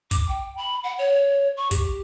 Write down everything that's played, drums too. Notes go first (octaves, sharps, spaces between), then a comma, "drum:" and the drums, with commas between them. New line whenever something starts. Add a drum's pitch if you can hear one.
D6, drum: kick, hi-hat
G5
B5
F#5
C#5
C#6
G4, drum: kick, hi-hat